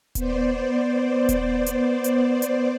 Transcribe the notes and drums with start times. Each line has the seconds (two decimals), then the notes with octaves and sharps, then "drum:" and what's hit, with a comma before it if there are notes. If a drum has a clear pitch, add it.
0.15 B3 C5 D5, drum: kick D#1, hi-hat
1.29 drum: kick D#1, hi-hat
1.66 drum: hi-hat
2.04 drum: hi-hat
2.42 drum: hi-hat